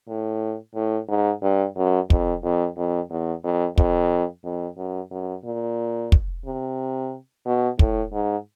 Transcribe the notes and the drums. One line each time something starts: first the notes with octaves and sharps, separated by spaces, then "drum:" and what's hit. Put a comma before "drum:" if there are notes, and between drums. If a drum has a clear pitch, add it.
A2
A2
G#2
G2
F#2
F2, drum: kick
F2
F2
E2
F2
F2, drum: kick
F2
F#2
F#2
A#2
drum: kick
C3
B2
A2, drum: kick
G#2